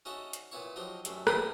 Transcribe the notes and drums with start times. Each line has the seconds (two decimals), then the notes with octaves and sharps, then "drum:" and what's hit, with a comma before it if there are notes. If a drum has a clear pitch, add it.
0.05 C#4 D#4 F#4 A4 E5
0.33 drum: hi-hat
0.51 A#2 B3 E4 C#5 C#6
0.76 F3 F#3 D#4 G4
1.05 F#2 G3 A3, drum: hi-hat
1.27 G2 B3 E4 G4 C6 D#6, drum: rim click